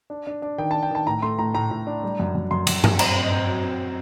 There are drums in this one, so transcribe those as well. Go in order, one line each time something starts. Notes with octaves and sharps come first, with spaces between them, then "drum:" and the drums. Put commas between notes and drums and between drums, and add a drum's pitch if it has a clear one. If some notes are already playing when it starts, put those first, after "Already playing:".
D4
D4
D4
D#3 G5
D4 A5
G5
D#3 A5
A2 A#5
A3 C6
A2 A#5
A2 A#5
A2
D4
G3
F#2
F#2
F#2 C6
F#2, drum: cymbal
F#2, drum: tom G2
C4 A#5, drum: cymbal
C4
D#5
C4
F#3
C4